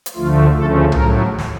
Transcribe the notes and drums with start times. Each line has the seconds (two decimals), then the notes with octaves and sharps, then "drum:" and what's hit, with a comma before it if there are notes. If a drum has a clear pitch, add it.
0.06 drum: hi-hat
0.16 D2 D3 F3 A3 F4
0.54 D2 C#3 F3 A3 A4
0.92 A2 F#3 A3 A#4, drum: tom C2
1.39 drum: snare